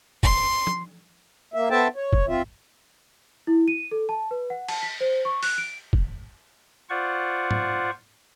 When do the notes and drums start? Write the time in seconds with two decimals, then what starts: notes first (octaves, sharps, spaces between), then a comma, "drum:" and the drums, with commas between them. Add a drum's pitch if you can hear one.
0.23 C6, drum: kick
0.67 drum: tom F3
1.54 A#3 E5
1.70 B3 A4 C5 E5 G5 A5
1.96 C#5
2.13 drum: kick
2.28 C4 F4 E5
3.47 E4
3.68 D#7
3.91 A4
4.09 A5
4.31 B4
4.50 F#5
4.68 A5, drum: cymbal
4.83 B6
5.00 C5
5.25 C#6
5.43 F#6, drum: open hi-hat
5.58 D7
5.93 drum: kick
6.90 F4 C5 D5 F#5 C#6
7.51 drum: tom G#2